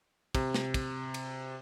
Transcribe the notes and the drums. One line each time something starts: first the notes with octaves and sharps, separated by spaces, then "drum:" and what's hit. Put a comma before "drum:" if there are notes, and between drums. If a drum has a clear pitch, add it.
C3, drum: kick, cymbal
drum: snare
drum: kick, cymbal
drum: cymbal